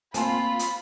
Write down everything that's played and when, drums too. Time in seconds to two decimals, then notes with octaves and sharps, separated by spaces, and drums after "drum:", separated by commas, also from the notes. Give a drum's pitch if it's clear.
0.14 A#3 C4 F4 G#5 A5 B5 C6, drum: hi-hat
0.59 drum: hi-hat